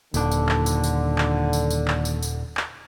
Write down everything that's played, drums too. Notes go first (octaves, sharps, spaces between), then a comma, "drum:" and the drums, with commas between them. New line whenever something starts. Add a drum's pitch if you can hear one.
D#1 D#2 D3 D4, drum: tambourine
drum: tambourine
drum: clap
drum: tambourine
drum: tambourine
drum: clap
drum: tambourine
drum: tambourine
drum: clap
drum: tambourine
drum: tambourine
drum: clap